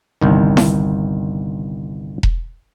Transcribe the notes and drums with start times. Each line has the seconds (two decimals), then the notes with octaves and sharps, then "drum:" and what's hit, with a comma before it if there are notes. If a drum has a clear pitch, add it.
0.22 G1 C2 D#3
0.57 drum: snare E4
2.23 drum: kick E1